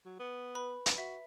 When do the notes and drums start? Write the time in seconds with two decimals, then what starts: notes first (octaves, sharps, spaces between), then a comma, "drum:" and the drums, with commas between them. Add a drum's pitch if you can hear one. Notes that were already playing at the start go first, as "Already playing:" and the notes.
0.06 F#3
0.19 B3
0.55 B4 B5
0.86 drum: hi-hat
0.98 F#4 E5